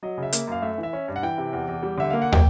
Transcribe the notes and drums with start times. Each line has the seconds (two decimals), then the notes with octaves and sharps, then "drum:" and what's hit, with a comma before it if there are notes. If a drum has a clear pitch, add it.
0.03 F#3 D#5
0.18 C#3 E5
0.33 A#3, drum: hi-hat
0.47 F#2 F5
0.62 A3 E5
0.78 E3
0.83 E5
0.93 C#4
1.08 G2
1.16 F#5
1.23 E3 G5
1.38 C3
1.53 E2
1.68 E2
1.83 G3
1.98 D3 E5
2.10 A#3 F5
2.22 F#5
2.32 G5, drum: tom